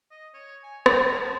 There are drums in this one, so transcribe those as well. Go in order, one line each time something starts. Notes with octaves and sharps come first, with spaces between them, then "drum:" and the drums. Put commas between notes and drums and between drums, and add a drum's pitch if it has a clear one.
D#5
C#5
G#5
G#4, drum: rim click
A#4
A5